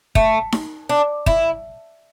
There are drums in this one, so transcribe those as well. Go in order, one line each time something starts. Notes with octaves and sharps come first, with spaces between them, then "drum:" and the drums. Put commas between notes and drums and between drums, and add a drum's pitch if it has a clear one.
A3, drum: kick
drum: snare D#4
D4
E4, drum: kick